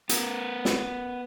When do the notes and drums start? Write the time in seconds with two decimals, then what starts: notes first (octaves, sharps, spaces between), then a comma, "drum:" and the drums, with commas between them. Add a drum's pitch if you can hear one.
0.09 B3 A#4, drum: hi-hat
0.65 drum: snare